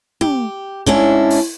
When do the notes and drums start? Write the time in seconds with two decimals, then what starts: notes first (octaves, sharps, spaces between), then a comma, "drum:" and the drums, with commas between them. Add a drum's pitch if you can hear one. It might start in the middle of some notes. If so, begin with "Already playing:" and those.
0.21 G4, drum: tom
0.86 G#2 C#4 D4 E4, drum: kick
1.30 drum: open hi-hat